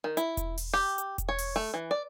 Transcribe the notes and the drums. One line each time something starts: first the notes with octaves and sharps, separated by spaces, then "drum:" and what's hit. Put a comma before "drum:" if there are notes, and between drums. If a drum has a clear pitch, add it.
D#3
E4, drum: hi-hat
drum: kick E1, hi-hat
drum: open hi-hat
G4
drum: hi-hat
drum: kick E1, hi-hat
C#5
drum: open hi-hat
A3
E3
D5